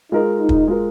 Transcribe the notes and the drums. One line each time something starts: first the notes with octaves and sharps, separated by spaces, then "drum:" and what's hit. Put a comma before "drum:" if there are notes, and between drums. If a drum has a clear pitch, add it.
G#3 D#4 F4 A#4
D#4
drum: kick
G#3 F4 A#4